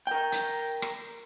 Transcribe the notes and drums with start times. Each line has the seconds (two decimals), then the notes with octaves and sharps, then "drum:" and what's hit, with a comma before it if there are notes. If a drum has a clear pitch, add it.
0.07 A#4 G5
0.32 drum: hi-hat
0.82 drum: rim click